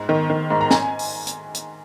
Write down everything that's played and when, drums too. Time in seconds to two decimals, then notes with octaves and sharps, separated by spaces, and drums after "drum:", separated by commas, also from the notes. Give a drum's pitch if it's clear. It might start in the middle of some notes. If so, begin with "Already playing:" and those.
Already playing: G#2
0.09 D#3
0.30 D#3
0.50 G#2
0.61 A#5
0.71 G#5, drum: snare
0.99 drum: open hi-hat
1.27 drum: hi-hat
1.55 drum: hi-hat